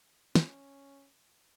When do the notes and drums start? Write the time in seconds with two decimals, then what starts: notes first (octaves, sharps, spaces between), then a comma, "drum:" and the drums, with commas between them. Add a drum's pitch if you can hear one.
0.35 C#4, drum: snare